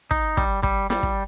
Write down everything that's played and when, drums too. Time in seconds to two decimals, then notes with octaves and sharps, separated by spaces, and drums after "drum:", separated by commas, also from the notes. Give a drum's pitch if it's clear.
0.11 D#4, drum: kick
0.37 G3, drum: kick
0.63 G3, drum: kick
0.90 G3, drum: snare
1.03 drum: kick